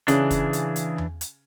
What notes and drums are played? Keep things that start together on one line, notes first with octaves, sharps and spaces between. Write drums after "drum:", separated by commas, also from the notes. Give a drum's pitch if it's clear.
C#3 E3 C#4 D4 G#4, drum: hi-hat
drum: kick, hi-hat
drum: hi-hat
drum: hi-hat
drum: tom E2
drum: hi-hat